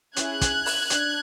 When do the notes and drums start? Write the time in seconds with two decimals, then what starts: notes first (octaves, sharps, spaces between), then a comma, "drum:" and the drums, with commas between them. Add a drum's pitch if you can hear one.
0.16 C#4 E4 G#4 F#6 G#6, drum: hi-hat
0.41 drum: kick, hi-hat
0.66 drum: open hi-hat
0.90 D4, drum: hi-hat